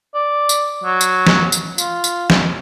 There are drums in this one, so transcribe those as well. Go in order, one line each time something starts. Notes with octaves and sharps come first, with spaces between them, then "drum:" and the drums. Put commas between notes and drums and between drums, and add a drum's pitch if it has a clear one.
D5
drum: tambourine
F#3
drum: tambourine
drum: snare
drum: tambourine
F4, drum: tambourine
drum: tambourine
drum: snare